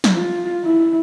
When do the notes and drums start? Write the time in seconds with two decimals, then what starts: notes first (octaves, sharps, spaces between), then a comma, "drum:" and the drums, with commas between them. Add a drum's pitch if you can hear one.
0.04 drum: snare
0.15 F4
0.64 E4